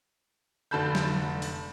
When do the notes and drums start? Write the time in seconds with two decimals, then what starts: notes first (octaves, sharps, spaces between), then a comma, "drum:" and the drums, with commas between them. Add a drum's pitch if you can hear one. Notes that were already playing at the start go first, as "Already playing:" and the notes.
0.71 F1 D3 A5 B5 G6
0.95 drum: snare
1.42 drum: open hi-hat